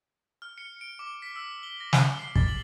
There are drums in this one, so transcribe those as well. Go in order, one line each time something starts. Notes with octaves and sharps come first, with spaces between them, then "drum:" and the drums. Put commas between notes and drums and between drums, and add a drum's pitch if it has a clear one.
F6
C#7
D7
D6
B6
E6
G7
A#6
F6, drum: snare
C7
A6, drum: kick
F#7